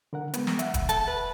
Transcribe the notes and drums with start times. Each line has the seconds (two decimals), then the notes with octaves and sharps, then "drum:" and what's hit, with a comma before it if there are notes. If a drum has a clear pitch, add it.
0.13 D3 A#4 F#5
0.34 G#3 B3, drum: hi-hat
0.47 drum: snare
0.59 E5 F#5, drum: hi-hat
0.74 drum: kick, hi-hat
0.89 A5, drum: hi-hat
1.08 B4